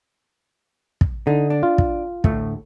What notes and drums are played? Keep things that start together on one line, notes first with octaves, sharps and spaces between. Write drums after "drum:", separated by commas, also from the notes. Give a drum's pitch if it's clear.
drum: kick
D3 D#4
D4
F4
drum: kick
D2 A2 A3, drum: kick